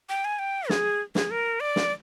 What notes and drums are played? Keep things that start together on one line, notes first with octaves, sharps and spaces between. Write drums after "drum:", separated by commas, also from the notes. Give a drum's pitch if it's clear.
G5
G#5
G5
G#4, drum: snare
G#4, drum: snare
A#4
D5
drum: snare